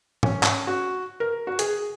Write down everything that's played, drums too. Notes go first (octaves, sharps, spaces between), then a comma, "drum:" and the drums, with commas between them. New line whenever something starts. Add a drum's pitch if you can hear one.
C#4, drum: tom G#2
drum: clap
F#4
A#4
F#4
G#4, drum: hi-hat